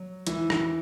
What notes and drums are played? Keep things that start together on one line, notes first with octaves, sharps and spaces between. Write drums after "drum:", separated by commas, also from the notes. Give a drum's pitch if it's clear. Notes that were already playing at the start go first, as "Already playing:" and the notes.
Already playing: F#3
E3, drum: hi-hat
drum: rim click